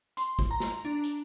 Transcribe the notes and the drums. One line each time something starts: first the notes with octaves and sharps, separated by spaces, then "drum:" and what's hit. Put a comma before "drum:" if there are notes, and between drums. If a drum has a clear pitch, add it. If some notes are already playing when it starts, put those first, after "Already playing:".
C6, drum: hi-hat
drum: kick
A#5
drum: snare
D4
drum: hi-hat